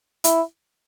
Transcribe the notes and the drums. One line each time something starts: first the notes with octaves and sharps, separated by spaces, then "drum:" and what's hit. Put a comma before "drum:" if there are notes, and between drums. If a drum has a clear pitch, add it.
E4, drum: hi-hat